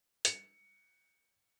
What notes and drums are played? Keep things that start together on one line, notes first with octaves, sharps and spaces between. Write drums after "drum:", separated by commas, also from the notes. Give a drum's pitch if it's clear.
C#7, drum: hi-hat